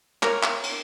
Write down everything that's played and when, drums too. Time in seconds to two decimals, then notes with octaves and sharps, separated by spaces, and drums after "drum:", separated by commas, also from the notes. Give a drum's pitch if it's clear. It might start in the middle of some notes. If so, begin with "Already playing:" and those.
0.23 A#4 C#5, drum: clap
0.43 drum: clap
0.63 drum: cymbal